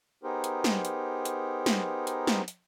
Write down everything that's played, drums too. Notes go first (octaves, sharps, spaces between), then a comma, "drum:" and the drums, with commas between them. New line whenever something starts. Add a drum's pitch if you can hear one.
B3 D#4 G4 G#4 A#4 C5
drum: hi-hat
drum: snare
drum: hi-hat
drum: hi-hat
drum: snare
drum: hi-hat
drum: snare
drum: hi-hat